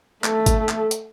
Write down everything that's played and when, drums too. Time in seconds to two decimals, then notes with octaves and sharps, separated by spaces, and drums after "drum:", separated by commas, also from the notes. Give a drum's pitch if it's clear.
0.24 A3 A4, drum: clap
0.46 drum: kick, hi-hat
0.69 drum: clap
0.91 drum: hi-hat